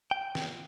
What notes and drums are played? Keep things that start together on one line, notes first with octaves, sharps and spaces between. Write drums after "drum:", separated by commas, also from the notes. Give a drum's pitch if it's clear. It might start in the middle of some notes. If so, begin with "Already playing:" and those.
G5
drum: snare